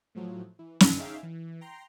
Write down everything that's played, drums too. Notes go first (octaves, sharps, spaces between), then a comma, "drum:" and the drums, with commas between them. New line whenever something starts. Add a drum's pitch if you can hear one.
A2 F3 F#3
E3
F#2 D3 D#3 C#4, drum: snare
C#4 D#4 G#4 E5 F5 G5
E3
G5 A#5 C6